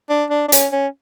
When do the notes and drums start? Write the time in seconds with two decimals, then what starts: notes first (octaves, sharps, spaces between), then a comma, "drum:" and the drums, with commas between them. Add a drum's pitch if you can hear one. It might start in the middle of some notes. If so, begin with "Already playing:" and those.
0.10 D4
0.30 D4
0.48 D4
0.52 C#4, drum: hi-hat
0.73 C#4